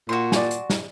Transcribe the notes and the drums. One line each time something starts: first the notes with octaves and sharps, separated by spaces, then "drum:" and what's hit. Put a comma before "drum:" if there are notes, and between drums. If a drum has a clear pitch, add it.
A#2 F#4 C6
D5 G#5, drum: snare
drum: hi-hat
drum: snare